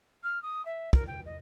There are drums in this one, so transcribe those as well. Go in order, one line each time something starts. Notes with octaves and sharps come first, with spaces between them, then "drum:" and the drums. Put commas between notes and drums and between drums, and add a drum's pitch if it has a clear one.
F6
D#6
E5
A#4, drum: kick
G5
D#5